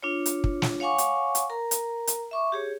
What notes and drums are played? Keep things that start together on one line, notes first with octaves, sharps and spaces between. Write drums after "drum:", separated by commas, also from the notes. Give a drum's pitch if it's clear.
D4 F4 C#5
drum: hi-hat
drum: kick
drum: snare
C#5 F5 F#5 G#5 C#6 D6
drum: hi-hat
drum: hi-hat
A#4 A#5
drum: hi-hat
drum: hi-hat
E5 C#6 D6
G4 G#4 C#5